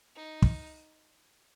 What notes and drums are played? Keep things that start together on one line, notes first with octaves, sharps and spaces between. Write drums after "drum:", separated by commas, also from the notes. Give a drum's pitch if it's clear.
D#4
drum: kick